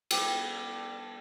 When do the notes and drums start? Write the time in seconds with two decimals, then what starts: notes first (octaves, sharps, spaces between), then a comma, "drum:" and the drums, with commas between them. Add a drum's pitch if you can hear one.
0.11 G3 G4 A4, drum: cymbal